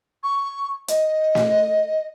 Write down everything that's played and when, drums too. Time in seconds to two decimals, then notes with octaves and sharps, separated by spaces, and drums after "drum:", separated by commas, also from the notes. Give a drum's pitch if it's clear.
0.23 C#6
0.88 D#5, drum: hi-hat
1.35 drum: snare